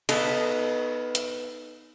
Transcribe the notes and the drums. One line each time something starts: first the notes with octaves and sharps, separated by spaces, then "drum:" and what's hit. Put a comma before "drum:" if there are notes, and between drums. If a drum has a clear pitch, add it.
B3 D#4 A4 B4, drum: cymbal
drum: hi-hat